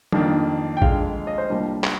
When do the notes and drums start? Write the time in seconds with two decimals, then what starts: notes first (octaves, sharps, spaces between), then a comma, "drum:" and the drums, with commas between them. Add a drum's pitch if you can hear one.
0.12 F2 D#3 A#3 D4, drum: tom
0.77 G5
0.82 F2 D3 G#3 F5, drum: kick
1.27 D#5
1.38 C5
1.50 C2 A#2 G3 A#3 D4
1.84 drum: clap